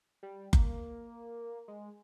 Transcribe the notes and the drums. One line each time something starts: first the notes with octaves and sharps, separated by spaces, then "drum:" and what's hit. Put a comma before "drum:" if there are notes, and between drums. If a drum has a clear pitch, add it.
G3
A#3, drum: kick F#1
G#3